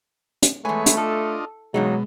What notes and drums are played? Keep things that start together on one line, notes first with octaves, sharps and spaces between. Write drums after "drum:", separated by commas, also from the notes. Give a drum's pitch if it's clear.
drum: hi-hat
E2 G#3 A3 B4 C#5 G#5
drum: hi-hat
D4 F4 A4 D#5
E2 G2 B2 F#3 G#3 D#4